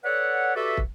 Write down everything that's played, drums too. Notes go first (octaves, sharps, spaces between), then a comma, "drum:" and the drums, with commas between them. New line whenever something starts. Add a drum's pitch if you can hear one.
A4 B4 C#5 D5 F#5
F#4 G4 A4 B4 D5 E5
drum: kick